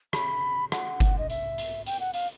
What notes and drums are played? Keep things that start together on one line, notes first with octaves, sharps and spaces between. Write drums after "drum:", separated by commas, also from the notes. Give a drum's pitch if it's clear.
B5, drum: rim click
F#5, drum: rim click
drum: kick G1, hi-hat
D#5
E5, drum: hi-hat
drum: hi-hat
G5, drum: hi-hat
F#5
F5, drum: hi-hat